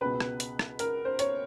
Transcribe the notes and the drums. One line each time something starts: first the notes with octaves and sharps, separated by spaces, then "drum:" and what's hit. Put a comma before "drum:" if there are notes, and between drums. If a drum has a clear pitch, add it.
C#2 B2 B4
drum: rim click
drum: hi-hat
drum: rim click
A#4, drum: hi-hat
C5
C#5, drum: hi-hat